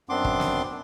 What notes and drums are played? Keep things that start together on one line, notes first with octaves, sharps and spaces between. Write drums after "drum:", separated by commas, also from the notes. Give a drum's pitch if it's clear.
F#2 B3 C4 D4 C6 D6
drum: kick
drum: snare